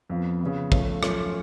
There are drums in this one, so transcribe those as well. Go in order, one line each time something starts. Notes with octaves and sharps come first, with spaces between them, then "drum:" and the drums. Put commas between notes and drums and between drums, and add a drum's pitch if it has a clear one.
F2 F3 B3
C#3 F3 B3
F3 A3 C#4, drum: kick
F#2 F3 A3 C#4 F4, drum: rim click